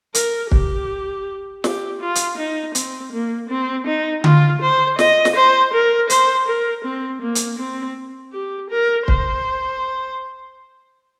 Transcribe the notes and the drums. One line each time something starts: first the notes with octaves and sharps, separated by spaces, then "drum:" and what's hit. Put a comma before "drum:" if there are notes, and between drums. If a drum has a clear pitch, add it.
A#4, drum: hi-hat
G4, drum: kick
G4, drum: snare
F4
drum: hi-hat
D#4
C4, drum: hi-hat
A#3
C4
D#4
F4, drum: tom D3
C5
D#5, drum: snare
drum: snare
C5
A#4
C5, drum: hi-hat
A#4
C4
A#3
drum: hi-hat
C4
G4
A#4
C5, drum: kick